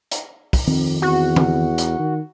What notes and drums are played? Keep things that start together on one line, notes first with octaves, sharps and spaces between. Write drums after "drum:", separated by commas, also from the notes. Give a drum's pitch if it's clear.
drum: hi-hat
drum: kick, open hi-hat
F2 D#3 C4
E2 F#4
drum: tom D#3
drum: hi-hat
D#3